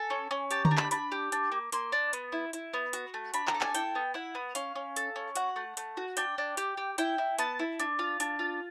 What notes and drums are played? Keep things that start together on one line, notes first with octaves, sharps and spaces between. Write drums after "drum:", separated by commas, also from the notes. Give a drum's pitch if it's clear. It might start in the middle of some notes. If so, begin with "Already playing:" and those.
Already playing: A4 G#5
C#4
C#4
G4 A5, drum: hi-hat
A#5, drum: tom D3
D4
B5, drum: clap
D4 B5, drum: hi-hat
G4
D4, drum: hi-hat
A#3
A#3 C6, drum: hi-hat
D4
B3, drum: hi-hat
E4
E4, drum: hi-hat
B3
F#4, drum: hi-hat
A3
D4 B5, drum: hi-hat
A#5, drum: clap
A4
G#5, drum: clap
E4 G5, drum: hi-hat
B3
E4 F#5
B3
C#4 F5, drum: hi-hat
C#4
A4, drum: hi-hat
C#4
F#4 F#5, drum: hi-hat
A3
A3, drum: hi-hat
F#4
D4 G5, drum: hi-hat
D4
G4, drum: hi-hat
G4
E4 G5, drum: hi-hat
E4
B3 A5, drum: hi-hat
E4
D4, drum: hi-hat
F4
D4, drum: hi-hat
F4